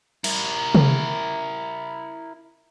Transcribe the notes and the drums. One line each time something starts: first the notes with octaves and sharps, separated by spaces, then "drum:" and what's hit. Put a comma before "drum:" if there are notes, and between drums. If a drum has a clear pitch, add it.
E4 A#4, drum: cymbal
drum: tom